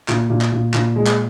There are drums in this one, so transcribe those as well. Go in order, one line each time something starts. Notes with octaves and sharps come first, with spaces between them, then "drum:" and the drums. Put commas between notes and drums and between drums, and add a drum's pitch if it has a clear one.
A#2, drum: clap
A#2
drum: clap
A#2
A#2, drum: clap
G#3
drum: clap